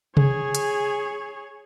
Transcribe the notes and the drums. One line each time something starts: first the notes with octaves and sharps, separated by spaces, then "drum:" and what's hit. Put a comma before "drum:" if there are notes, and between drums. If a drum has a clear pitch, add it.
G#4 C#5, drum: tom C3
drum: hi-hat